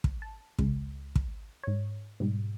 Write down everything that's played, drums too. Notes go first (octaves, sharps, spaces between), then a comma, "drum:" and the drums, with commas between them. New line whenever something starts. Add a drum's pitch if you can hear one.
drum: kick
A5
C#2 G#3, drum: kick
drum: kick
G#2 C#5
G#2 B2 G3